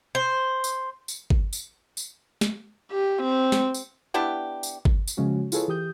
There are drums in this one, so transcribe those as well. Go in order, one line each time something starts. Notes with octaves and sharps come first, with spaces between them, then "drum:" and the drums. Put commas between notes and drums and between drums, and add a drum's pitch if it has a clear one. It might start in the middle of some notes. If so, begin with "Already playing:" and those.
C5
drum: tambourine
drum: tambourine
drum: kick G1
drum: tambourine
drum: tambourine
drum: snare
G4
C4
drum: snare
drum: tambourine
B3 D4 E4 G4
drum: tambourine
drum: kick G1
drum: tambourine
C#3 F3 G#3 C#4 F#4
E4 F4 G#4 A4 B4 C#5, drum: tambourine
E3 G4 D#6 G6